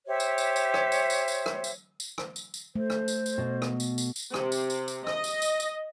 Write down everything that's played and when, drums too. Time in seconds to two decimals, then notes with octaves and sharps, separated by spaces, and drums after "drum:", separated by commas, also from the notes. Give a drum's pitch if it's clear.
0.07 G4 C5 C#5 E5
0.20 drum: tambourine
0.38 drum: tambourine
0.56 drum: tambourine
0.74 drum: rim click
0.92 drum: tambourine
1.10 drum: tambourine
1.28 drum: tambourine
1.46 drum: rim click
1.64 drum: tambourine
2.00 drum: tambourine
2.18 drum: rim click
2.36 drum: tambourine
2.54 drum: tambourine
2.76 A3 C5
2.90 drum: rim click
3.08 drum: tambourine
3.26 drum: tambourine
3.38 B2
3.62 drum: rim click
3.80 drum: tambourine
3.98 drum: tambourine
4.16 drum: tambourine
4.34 C3, drum: rim click
4.52 drum: tambourine
4.70 drum: tambourine
4.88 drum: tambourine
5.07 D#5, drum: rim click
5.24 drum: tambourine
5.42 drum: tambourine
5.60 drum: tambourine